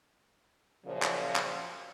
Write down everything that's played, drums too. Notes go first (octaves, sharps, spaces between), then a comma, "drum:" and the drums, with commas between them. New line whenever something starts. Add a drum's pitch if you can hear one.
F#2 A#2 C#3 F3
drum: clap
drum: clap